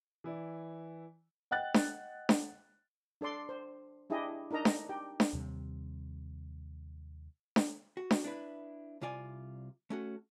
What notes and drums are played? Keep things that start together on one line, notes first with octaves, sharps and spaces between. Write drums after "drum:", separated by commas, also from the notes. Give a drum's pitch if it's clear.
E3 E4 D5
D#5 F#5 G5 F#6 A6
drum: snare D4
drum: snare D4
D4 A4 D5 C6
C5
D4 E4 G4 G#4 D#5
D4 D#4 A#4 D#5 A#5
drum: snare D4
G4 G5
drum: snare D4
D#2 C3 G3
drum: snare D4
F#4
drum: snare D4
D4 E4 B4
C2 C3 F4 D5 G#5
A3 C#4 F#4